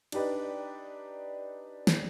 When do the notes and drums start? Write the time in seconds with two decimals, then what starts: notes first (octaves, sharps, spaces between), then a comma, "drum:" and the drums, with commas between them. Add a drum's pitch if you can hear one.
0.12 D4 D#4 G4 B4 D5, drum: cymbal
1.87 drum: snare